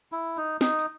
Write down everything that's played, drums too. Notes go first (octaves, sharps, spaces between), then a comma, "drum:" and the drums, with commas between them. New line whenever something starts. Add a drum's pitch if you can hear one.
E4
D#4
D#4, drum: snare
drum: tambourine